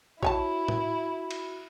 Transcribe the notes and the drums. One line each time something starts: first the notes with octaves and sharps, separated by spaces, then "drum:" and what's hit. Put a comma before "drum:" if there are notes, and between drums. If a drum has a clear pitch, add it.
E4 F#4 C#5 G#5 A5, drum: kick
drum: tom A2
drum: cymbal